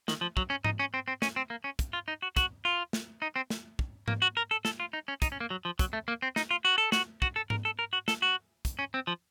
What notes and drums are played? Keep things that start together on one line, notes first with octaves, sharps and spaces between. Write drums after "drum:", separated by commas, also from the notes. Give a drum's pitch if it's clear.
D#3, drum: snare
F3
F#3, drum: kick
C#4
D#4, drum: tom G#2
C#4
C4
C4
C#4, drum: snare
C4
A#3
C#4
drum: kick, hi-hat
F4
D#4
F#4
F#4, drum: kick, hi-hat
F4
drum: snare
D#4
C4
drum: snare
drum: kick
A#3, drum: tom G#2
F#4
A#4
A4
A4, drum: snare
F4
D#4
C#4
D#4, drum: kick, hi-hat
C#4
A#3
F#3
F3
F#3, drum: kick, hi-hat
A3
A#3
C4
D#4, drum: snare
F4
F#4
A4
F#4, drum: snare
F#4, drum: kick
A4
A#4, drum: tom G#2
A4
A#4
F#4
A4, drum: snare
F#4
drum: kick, hi-hat
C#4
C4
F3